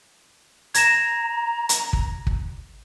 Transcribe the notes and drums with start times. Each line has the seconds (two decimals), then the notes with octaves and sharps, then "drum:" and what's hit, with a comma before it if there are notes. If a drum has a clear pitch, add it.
0.74 A#5 G#6 A#6 E7, drum: hi-hat
1.69 drum: hi-hat
1.93 drum: kick
2.27 drum: kick